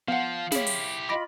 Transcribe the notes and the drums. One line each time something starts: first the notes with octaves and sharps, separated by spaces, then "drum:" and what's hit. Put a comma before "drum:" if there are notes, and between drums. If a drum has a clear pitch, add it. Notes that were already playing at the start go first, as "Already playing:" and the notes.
F3 B3 F5 F#5
E4 G4 G#4 C#5, drum: snare
drum: open hi-hat
F4 D#5 B5 D6 A#6 D7